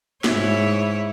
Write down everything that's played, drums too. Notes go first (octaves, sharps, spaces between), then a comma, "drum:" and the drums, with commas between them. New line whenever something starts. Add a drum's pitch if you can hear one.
G#2 E4 C#5, drum: snare